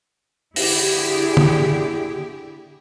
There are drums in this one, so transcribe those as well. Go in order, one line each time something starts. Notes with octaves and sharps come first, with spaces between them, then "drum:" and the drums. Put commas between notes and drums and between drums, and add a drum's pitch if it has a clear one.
D3 E4 G4 G#4, drum: open hi-hat
drum: tom